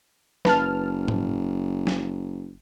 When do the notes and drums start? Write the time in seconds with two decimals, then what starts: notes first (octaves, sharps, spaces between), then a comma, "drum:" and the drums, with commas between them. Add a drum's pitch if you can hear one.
0.45 F#1 B4 A5 F6, drum: snare
1.08 drum: tom
1.87 drum: snare